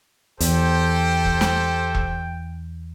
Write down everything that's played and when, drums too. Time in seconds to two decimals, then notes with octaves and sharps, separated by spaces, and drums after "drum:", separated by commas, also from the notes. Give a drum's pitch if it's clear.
0.40 E2 G4 A4 C5 G5, drum: hi-hat
1.25 drum: kick E1
1.41 drum: snare
1.94 drum: kick E1